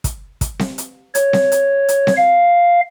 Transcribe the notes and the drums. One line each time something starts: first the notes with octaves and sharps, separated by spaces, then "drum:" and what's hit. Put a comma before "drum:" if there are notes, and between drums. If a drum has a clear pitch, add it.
drum: kick, hi-hat
drum: kick, hi-hat
drum: snare C4
drum: hi-hat
C#5, drum: hi-hat
drum: snare C4
drum: hi-hat
drum: hi-hat
drum: snare C4
F5